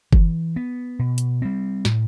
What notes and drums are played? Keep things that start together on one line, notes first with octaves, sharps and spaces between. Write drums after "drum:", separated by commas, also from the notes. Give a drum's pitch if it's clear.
E3, drum: kick F#1
B3
B2
drum: hi-hat
G3 C4
A2, drum: snare